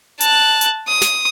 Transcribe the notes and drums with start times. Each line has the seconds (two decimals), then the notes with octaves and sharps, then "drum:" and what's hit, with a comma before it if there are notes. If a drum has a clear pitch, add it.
0.20 A5 F#6, drum: hi-hat
0.61 drum: hi-hat
0.88 D#6
1.01 drum: snare